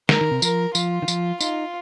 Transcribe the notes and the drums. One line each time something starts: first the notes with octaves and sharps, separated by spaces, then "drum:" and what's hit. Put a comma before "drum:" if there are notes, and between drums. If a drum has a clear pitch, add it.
G#3 A#4, drum: snare
D#3
C3
F3 A#4, drum: tambourine
F3 F4, drum: tambourine
D#3
F3, drum: tambourine
D#4 F4, drum: tambourine